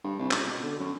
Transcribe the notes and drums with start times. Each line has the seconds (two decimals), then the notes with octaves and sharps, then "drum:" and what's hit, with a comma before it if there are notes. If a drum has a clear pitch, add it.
0.04 G2
0.19 C2
0.31 C#2, drum: clap
0.46 B2
0.63 D3
0.79 F#2